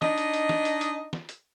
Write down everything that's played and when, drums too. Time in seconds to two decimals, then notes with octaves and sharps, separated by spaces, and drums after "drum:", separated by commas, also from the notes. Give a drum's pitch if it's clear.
0.02 D4 D#4 D#5, drum: snare
0.18 drum: hi-hat
0.33 drum: hi-hat
0.49 drum: snare
0.65 drum: hi-hat
0.81 drum: hi-hat
1.13 drum: snare
1.29 drum: hi-hat